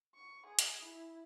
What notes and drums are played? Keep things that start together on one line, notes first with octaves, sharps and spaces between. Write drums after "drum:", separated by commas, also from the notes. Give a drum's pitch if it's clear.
C#6
G#4
drum: hi-hat
E4